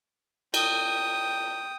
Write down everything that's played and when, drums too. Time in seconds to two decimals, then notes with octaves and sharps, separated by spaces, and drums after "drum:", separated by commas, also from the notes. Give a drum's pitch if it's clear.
0.54 G5 D#6, drum: cymbal